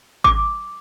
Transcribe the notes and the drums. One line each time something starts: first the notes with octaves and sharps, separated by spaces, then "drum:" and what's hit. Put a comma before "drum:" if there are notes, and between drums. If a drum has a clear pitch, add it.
D6, drum: kick G#1